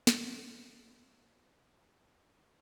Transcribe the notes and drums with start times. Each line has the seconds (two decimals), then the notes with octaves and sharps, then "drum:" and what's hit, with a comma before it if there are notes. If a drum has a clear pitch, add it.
0.07 drum: snare
0.19 G4
1.42 D#4
2.16 C#4